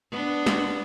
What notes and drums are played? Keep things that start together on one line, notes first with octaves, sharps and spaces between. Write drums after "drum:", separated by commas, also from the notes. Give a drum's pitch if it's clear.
B3 D4
drum: snare